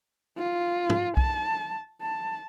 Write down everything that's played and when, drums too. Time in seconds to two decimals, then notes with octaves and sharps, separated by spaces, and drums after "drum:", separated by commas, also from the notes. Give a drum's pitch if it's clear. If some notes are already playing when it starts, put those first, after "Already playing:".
0.38 F4
0.90 drum: tom
1.17 A5, drum: kick B1
2.01 A5